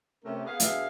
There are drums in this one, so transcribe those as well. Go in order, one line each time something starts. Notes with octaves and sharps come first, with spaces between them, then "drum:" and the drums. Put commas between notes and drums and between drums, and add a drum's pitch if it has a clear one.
C3 A3 C#4 G4 A#4
B3 G#4 F5
B2 D3 B3 G#4 E5 F5, drum: hi-hat